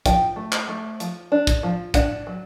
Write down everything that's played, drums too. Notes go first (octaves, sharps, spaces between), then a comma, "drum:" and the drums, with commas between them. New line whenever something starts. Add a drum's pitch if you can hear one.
F3 G5, drum: kick, hi-hat
A3
drum: clap
A3
F3, drum: hi-hat
D4
drum: kick, hi-hat
F3
D4 F#5, drum: kick, hi-hat
F#3